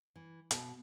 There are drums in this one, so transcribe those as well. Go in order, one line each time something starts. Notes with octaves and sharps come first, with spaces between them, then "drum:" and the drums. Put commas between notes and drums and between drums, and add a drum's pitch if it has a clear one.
E3
B2, drum: hi-hat